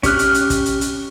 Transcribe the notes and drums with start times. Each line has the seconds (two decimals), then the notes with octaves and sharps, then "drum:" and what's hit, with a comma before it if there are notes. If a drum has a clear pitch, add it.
0.03 C#4 G4 F6 F#6, drum: kick, hi-hat
0.19 drum: hi-hat
0.34 drum: hi-hat
0.50 drum: kick, hi-hat
0.66 drum: hi-hat
0.81 drum: hi-hat